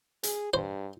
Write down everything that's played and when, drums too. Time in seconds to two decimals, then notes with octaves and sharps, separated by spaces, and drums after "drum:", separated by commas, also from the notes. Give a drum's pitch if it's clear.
0.23 G#4, drum: hi-hat
0.54 G2 C5